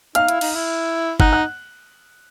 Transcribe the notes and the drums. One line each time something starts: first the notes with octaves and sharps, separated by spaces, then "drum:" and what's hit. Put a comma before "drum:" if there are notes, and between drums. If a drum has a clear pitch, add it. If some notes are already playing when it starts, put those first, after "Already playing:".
D#4 F5 F6, drum: hi-hat
E4, drum: hi-hat
D#4, drum: cymbal
E4
D#4 F#5 F#6, drum: kick
F#5 F#6